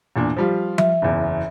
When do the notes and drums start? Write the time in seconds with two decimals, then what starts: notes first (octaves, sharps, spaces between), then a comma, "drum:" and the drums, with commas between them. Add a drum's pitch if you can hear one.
0.16 E2 A#2 D4
0.37 F3 G3 F4
0.78 E5, drum: tom F3
1.02 F#1 E2